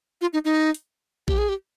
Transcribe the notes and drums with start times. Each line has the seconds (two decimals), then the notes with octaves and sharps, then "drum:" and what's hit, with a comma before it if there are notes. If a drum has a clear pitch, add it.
0.21 F4
0.33 D#4
0.45 D#4
0.74 drum: hi-hat
1.28 G4, drum: kick A#1
1.38 G#4
1.49 G4